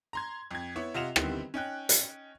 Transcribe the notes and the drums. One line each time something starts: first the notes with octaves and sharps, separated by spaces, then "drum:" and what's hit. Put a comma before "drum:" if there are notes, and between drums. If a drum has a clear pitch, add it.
A#5 C6 G#6
F2 G#6
B3 E4 C#5
C3 F4 D#5 F#5 E7 F7
D3 D#3 G3 B3 C4 E4, drum: rim click
C#4 D#4 G5 F#6
drum: hi-hat